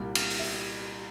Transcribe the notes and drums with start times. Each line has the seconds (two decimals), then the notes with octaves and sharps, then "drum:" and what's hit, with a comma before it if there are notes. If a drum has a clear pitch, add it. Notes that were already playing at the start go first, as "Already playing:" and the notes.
Already playing: C2 A#2 G3
0.15 drum: cymbal
0.30 drum: open hi-hat
0.39 E5